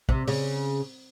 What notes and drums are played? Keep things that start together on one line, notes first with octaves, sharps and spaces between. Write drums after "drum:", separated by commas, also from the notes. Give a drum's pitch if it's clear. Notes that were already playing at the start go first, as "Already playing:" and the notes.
C3, drum: kick
C#3, drum: open hi-hat